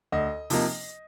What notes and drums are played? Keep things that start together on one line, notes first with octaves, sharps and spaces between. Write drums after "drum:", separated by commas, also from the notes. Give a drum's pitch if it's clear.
D2 D#5
C3 F3 A#3 D#4, drum: open hi-hat